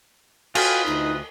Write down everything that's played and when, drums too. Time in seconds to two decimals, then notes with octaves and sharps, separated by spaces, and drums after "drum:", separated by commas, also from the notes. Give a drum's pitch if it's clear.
0.55 F4 F#4 B4 D#5 F5 G5 G#5, drum: cymbal
0.86 D2 D#4